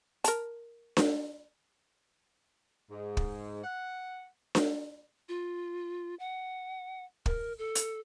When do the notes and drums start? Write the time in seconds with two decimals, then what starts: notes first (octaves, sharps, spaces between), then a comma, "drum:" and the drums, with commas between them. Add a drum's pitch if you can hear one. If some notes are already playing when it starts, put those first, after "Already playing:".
0.24 A#4 A5, drum: hi-hat
0.97 drum: snare D4
2.91 G#2
3.17 drum: kick
3.64 F#5
4.55 drum: snare D4
5.29 F4
6.19 F#5
7.26 A#4, drum: kick
7.58 A4
7.75 drum: hi-hat